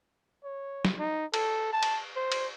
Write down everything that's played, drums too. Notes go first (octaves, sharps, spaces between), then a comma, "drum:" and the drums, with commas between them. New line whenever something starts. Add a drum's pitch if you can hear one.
C#5
drum: snare
D#4
A4, drum: cymbal
A5
drum: cymbal
C5
drum: cymbal